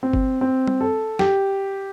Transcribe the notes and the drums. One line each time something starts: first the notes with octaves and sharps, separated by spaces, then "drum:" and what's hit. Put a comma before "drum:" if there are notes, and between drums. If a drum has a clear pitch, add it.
C4
drum: kick G1
C4
drum: tom G3
A4
G4, drum: snare